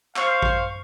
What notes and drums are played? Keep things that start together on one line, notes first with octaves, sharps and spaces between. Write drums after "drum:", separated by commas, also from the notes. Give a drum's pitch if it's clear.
C5 F5 C#6, drum: clap
drum: kick A1